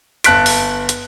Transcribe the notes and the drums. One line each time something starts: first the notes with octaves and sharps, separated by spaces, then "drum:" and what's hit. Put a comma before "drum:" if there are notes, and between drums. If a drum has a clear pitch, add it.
G1 A5 F#6 B6 D7, drum: hi-hat
drum: open hi-hat
drum: hi-hat